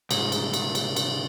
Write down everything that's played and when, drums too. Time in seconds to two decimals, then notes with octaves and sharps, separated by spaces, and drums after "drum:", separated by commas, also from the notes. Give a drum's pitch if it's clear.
0.11 C2 G#2, drum: cymbal
0.32 drum: cymbal
0.54 drum: cymbal
0.75 drum: cymbal
0.96 drum: cymbal